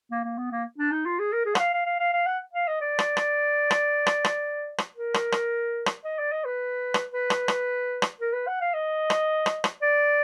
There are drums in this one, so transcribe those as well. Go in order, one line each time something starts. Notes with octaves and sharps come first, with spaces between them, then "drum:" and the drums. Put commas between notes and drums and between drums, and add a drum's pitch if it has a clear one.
A#3
A#3
B3
A#3
D4
D#4
F4
G#4
A#4
G#4
F#5, drum: rim click
F5
F5
F5
F5
F5
F#5
F5
D#5
D5
drum: rim click
drum: rim click
drum: rim click
drum: rim click
drum: rim click
drum: rim click
A#4
drum: rim click
drum: rim click
drum: rim click
D#5
D5
D#5
B4
drum: rim click
B4
drum: rim click
drum: rim click
drum: rim click
A#4
B4
F#5
F5
D#5
drum: rim click
drum: rim click
drum: rim click
D5